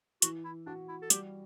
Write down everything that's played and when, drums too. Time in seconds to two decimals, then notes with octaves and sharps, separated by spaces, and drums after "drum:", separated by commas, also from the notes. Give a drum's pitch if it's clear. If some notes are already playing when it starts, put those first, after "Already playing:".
0.22 E3 F#4, drum: hi-hat
0.44 E4
0.66 D4 F#4
0.89 E4
1.02 A4
1.10 G3 G4, drum: hi-hat